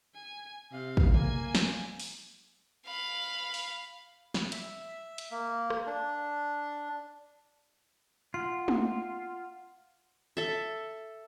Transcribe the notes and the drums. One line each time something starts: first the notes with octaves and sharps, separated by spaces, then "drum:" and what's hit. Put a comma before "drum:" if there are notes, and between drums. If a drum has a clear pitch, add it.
G#5
C3 F5
drum: kick
A#3 G#5, drum: tom
drum: snare
drum: open hi-hat
F5 B5
drum: open hi-hat
drum: snare
E5, drum: hi-hat
drum: hi-hat
A#3
drum: rim click
D4
F4 F#5
drum: tom
A4 E5